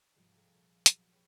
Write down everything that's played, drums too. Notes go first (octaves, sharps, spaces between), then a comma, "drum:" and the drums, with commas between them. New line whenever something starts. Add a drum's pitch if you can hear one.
G#2 C3 F3 G3 G#3
G#4 A4 A#5
A#2
F#3, drum: hi-hat
G4 G#4 B4 C#5 G5